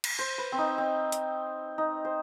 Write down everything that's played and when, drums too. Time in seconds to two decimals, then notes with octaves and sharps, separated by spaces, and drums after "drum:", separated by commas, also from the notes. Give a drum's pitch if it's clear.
0.04 drum: cymbal
0.19 C5
0.38 B4
0.52 C4
0.58 D#4
0.78 C4
1.12 drum: hi-hat
1.78 D#4
2.05 C5